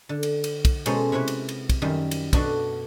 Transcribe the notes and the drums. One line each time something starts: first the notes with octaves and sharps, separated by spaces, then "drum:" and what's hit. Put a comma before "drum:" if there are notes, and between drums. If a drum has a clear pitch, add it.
D3
drum: cymbal
drum: cymbal
drum: kick, cymbal
B2 G#3 C#4 A4 C5 A#5, drum: cymbal
C3 E4 B4 C#5
drum: cymbal
drum: cymbal
drum: kick, cymbal
F#2 D#3 G3
drum: cymbal
B2 D4 F#4 A4, drum: kick, cymbal